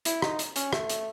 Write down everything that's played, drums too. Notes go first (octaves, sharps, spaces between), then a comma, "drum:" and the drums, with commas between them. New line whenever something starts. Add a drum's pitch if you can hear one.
E4, drum: hi-hat
D#4, drum: rim click
drum: hi-hat
C#4, drum: hi-hat
A3, drum: rim click
drum: hi-hat